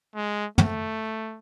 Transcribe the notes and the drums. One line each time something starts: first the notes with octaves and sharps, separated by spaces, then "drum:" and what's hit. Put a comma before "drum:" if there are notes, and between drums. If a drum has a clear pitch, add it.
G#3
A3, drum: tom